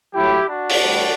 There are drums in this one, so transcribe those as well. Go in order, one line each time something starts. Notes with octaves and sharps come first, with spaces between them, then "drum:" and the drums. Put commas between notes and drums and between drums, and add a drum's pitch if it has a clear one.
A2 F#3 E4 G4
D4 F#4
drum: open hi-hat
A2 E3 G3